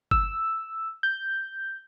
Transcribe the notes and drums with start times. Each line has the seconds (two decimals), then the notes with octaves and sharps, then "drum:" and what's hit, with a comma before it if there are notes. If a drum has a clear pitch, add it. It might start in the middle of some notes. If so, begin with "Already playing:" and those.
0.11 E6, drum: kick G1
1.03 G6